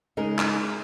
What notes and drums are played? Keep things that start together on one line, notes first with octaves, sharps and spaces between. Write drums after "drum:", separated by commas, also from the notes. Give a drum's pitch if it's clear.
C#3 G#3 D#4 A#4
drum: clap